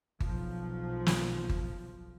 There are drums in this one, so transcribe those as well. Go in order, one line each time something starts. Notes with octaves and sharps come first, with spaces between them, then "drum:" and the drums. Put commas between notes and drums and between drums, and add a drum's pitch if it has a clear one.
B1 F3, drum: kick G1
drum: snare
drum: kick G1